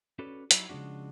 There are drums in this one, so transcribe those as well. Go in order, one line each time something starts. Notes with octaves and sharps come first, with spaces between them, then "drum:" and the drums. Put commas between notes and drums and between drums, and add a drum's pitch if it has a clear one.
C#4 F#4 A4 B4 C#5 D5
F#3 D#4 E4, drum: hi-hat
C#3 F3 G#3 D4 F#4